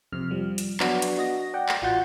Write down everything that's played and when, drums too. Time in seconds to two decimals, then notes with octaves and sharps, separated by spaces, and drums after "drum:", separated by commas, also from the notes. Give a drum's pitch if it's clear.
0.12 F2 C3 F6
0.31 F3 G3
0.58 drum: hi-hat
0.80 F#3 B3 D4 F#4, drum: clap
1.02 drum: hi-hat
1.17 F#4 D#5 A#6
1.54 D5 F#5 G5
1.69 drum: clap
1.82 A1 F4 F#4 F#5 G6 A6